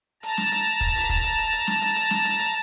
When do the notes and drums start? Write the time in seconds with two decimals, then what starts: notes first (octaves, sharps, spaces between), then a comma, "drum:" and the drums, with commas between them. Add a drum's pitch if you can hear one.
0.23 A5 A#5, drum: hi-hat
0.37 drum: snare
0.52 drum: hi-hat
0.81 drum: kick, hi-hat
0.95 drum: open hi-hat
1.09 drum: kick, hi-hat
1.24 drum: hi-hat
1.38 drum: hi-hat
1.53 drum: hi-hat
1.67 drum: snare
1.82 drum: hi-hat
1.96 drum: hi-hat
2.10 drum: snare
2.25 drum: hi-hat
2.39 drum: hi-hat